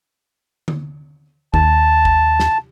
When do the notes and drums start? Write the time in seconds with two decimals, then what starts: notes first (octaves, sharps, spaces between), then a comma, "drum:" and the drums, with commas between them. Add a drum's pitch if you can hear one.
0.68 drum: tom D3
1.54 D#2 A5, drum: kick
2.05 drum: kick
2.40 drum: snare